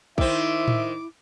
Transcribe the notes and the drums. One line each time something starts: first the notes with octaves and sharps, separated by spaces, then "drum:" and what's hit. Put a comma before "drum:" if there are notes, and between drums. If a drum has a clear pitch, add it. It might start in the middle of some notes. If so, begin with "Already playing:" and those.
D#3 C4 E4 E5 D6, drum: kick
drum: tom A2